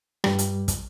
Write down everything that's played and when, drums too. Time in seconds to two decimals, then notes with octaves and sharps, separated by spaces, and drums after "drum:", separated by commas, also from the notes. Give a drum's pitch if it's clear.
0.24 G2 G3, drum: rim click
0.39 drum: hi-hat
0.68 drum: kick, hi-hat